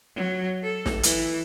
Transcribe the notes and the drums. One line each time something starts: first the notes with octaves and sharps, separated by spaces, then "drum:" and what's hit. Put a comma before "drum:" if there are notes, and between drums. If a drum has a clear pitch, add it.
F#3
A4
drum: snare
E3, drum: hi-hat